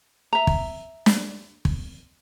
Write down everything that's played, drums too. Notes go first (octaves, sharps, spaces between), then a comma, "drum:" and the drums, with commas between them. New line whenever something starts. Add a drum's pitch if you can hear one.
E5 A#5
drum: kick
drum: snare
drum: kick